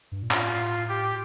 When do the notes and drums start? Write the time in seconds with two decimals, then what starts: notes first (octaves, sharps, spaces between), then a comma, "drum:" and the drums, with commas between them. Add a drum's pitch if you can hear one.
0.12 G2
0.23 A#2
0.31 A2 F4, drum: clap
0.89 G4